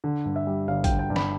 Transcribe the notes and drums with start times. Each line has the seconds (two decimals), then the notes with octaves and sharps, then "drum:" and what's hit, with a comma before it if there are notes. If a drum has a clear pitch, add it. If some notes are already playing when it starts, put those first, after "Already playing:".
0.04 D3
0.25 G2
0.36 E5
0.47 G3
0.68 G1 F5
0.84 G5, drum: kick A1, hi-hat
0.89 D3
0.99 G5
1.10 G2
1.16 B5, drum: snare